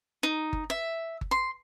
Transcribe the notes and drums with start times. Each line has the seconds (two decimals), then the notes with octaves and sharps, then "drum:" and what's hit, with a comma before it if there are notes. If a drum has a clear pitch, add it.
0.23 D#4
0.53 drum: kick G1
0.70 E5
1.21 drum: kick G1
1.31 C6